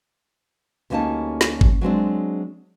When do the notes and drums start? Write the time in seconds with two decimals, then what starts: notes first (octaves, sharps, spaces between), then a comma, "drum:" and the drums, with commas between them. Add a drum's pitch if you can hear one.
0.90 D2 G3 A#3 C#4 D#4 A5
1.41 drum: snare
1.61 drum: kick G#1
1.81 F#3 G#3 C4 D4